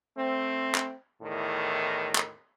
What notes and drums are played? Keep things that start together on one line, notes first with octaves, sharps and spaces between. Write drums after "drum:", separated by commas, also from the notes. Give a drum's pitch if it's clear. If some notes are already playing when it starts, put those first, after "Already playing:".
A3 C4
drum: clap
E2 A2 D#3
drum: clap